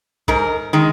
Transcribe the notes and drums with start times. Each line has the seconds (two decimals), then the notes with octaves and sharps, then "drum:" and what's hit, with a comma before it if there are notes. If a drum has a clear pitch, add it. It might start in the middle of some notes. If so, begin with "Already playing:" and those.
0.28 G#2 A#4, drum: kick B1
0.73 D#3 G#3